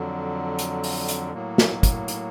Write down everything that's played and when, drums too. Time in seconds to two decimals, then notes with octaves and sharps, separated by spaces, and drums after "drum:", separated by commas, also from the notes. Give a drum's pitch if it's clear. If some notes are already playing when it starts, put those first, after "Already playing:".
Already playing: F2 D3 F#3
0.59 drum: hi-hat
0.84 drum: open hi-hat
1.08 drum: hi-hat
1.34 A2 F#3 A#3
1.58 drum: snare
1.83 drum: kick, hi-hat
2.08 drum: hi-hat